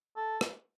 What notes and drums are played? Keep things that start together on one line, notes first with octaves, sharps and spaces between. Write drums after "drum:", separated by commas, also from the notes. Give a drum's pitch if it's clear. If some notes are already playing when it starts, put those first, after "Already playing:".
A4
drum: rim click